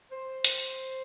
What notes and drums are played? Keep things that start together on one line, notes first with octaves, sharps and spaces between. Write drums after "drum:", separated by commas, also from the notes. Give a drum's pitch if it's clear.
C5
drum: hi-hat